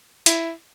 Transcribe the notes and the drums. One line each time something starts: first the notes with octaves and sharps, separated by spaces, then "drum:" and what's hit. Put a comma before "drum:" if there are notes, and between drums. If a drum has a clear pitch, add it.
E4, drum: hi-hat